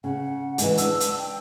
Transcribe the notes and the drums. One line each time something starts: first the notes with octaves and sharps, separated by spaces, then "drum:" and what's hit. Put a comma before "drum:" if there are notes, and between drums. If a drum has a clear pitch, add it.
C#3 F#5
E3 G#3, drum: hi-hat
D4 E6, drum: hi-hat
drum: hi-hat
G5